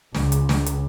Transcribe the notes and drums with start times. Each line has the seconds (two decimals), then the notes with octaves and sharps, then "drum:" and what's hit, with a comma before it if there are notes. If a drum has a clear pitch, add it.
0.15 C#2, drum: snare
0.32 drum: hi-hat
0.49 drum: snare
0.66 drum: hi-hat